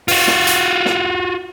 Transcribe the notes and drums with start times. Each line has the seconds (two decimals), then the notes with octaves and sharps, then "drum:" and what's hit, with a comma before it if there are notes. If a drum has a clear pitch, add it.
0.08 F4 F#4, drum: open hi-hat
0.27 drum: snare
0.47 drum: hi-hat
0.86 drum: snare